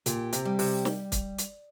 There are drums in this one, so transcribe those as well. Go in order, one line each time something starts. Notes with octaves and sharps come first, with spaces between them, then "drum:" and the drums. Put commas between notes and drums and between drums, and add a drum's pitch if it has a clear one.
A#2 G4, drum: hi-hat
C3, drum: hi-hat
G3
C3, drum: open hi-hat
drum: snare
drum: kick, hi-hat
drum: hi-hat